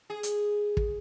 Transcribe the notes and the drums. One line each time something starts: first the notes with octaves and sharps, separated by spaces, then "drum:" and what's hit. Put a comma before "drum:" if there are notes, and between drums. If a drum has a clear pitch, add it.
G#4
drum: hi-hat
drum: kick